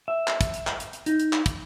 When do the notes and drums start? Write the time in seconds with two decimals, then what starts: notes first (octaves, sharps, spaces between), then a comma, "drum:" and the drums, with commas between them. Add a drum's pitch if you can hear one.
0.08 E5
0.27 drum: clap
0.41 drum: kick, hi-hat
0.54 drum: hi-hat
0.67 drum: clap
0.80 drum: hi-hat
0.93 drum: hi-hat
1.06 D#4, drum: hi-hat
1.20 drum: hi-hat
1.33 drum: clap
1.46 drum: kick, hi-hat